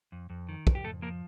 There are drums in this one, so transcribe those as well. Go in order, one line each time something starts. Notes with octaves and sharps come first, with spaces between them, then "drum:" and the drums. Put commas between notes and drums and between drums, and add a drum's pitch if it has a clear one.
F2
F2
D#3
F2, drum: kick
G4
F2 A3 A4
F3 A#3 A#4